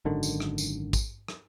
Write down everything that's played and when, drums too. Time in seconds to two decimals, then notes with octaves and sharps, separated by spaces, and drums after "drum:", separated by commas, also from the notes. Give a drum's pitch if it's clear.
0.05 G#1 F#2 D3 D#3
0.23 drum: tambourine
0.40 drum: rim click
0.58 drum: tambourine
0.93 drum: kick A1, tambourine
1.28 drum: rim click